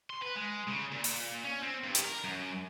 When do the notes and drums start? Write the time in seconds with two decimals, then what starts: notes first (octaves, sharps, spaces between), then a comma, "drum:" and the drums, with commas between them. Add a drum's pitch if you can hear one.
0.10 C6
0.22 B4
0.36 G#3
0.68 C#3
0.92 A#2
1.04 drum: open hi-hat
1.44 C#4
1.63 C4
1.84 G2
1.95 drum: hi-hat
2.04 A#4
2.24 F#2